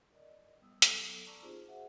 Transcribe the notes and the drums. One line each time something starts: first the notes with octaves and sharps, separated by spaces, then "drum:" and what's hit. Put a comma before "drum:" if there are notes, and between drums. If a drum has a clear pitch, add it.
A#4 D5 D#5
G3 B3 D#6 E6
F#3 B3 A4 D6, drum: hi-hat
D5 A5 A#5 C#6 D6 E6
C4 D#4 F4 G4 G#4 C5
F#4 G#4 C5 E5 F#5